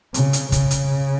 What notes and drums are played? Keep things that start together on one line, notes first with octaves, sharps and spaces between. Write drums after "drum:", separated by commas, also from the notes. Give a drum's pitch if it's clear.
C#3, drum: hi-hat
drum: hi-hat
C#3, drum: kick, hi-hat
drum: hi-hat